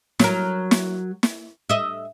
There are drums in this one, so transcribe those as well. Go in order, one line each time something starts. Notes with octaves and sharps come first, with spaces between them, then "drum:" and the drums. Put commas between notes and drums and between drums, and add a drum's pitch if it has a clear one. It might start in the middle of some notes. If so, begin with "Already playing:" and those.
F#3 A#4, drum: snare
drum: snare
drum: snare
D#5 E5